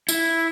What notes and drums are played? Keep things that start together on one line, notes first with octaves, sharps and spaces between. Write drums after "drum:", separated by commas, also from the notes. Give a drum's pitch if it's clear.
E4, drum: tambourine